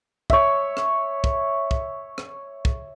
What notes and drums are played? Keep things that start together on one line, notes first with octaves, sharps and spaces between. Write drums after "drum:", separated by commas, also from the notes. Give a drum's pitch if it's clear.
C#5 E5, drum: kick
drum: rim click
drum: kick
drum: kick
drum: rim click
drum: kick